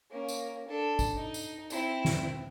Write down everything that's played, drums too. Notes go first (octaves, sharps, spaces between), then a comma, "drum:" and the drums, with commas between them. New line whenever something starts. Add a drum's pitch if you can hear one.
A#3 C#4
drum: tambourine
D4 A4
drum: kick, tambourine
D#4
drum: tambourine
C4 E4, drum: tambourine
drum: snare